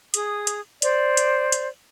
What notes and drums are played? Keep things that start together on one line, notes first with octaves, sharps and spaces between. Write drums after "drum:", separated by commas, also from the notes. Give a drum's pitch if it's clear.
G#4 D#6, drum: hi-hat
drum: hi-hat
C5 D5, drum: hi-hat
drum: hi-hat
drum: hi-hat